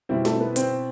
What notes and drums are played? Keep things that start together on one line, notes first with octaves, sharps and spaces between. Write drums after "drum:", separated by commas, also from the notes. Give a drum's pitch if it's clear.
B2 G3 C4 E4
A3 A4, drum: snare
B3 B4
C4 C5, drum: hi-hat